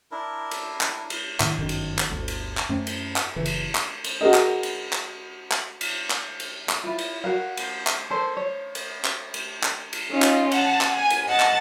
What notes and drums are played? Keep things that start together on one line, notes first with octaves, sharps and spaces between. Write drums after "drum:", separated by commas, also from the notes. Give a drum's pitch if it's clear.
D4 E4 A#4
drum: cymbal
drum: clap
drum: cymbal
A2 D#3 D4, drum: clap
G1 F#2 D3 D#3
drum: cymbal
drum: clap
G1 D2
drum: cymbal
drum: clap
F#2 A3 C4 C#4
drum: cymbal
drum: clap
F#1 C#3 E3
drum: cymbal
drum: clap
drum: cymbal
F#4 G#4 A#4 D#5
drum: clap
drum: cymbal
drum: clap
drum: clap
drum: cymbal
drum: clap
drum: cymbal
drum: clap
E4 F4
drum: cymbal
F#4 A#4 F5
drum: cymbal
drum: clap
A4 A#4 C5
C#5
drum: cymbal
drum: clap
drum: cymbal
drum: clap
drum: cymbal
C#4 D#4 F4
drum: clap
F#5 A5, drum: cymbal
drum: clap
G#5
drum: cymbal
D#5 F#5 A5 A6
drum: clap